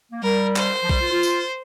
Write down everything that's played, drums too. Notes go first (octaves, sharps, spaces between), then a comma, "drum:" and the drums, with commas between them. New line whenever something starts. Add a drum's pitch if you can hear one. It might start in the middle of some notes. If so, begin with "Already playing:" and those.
A#3
G3 A#4
C5, drum: clap
F3
G3, drum: kick
F4
F4
drum: tambourine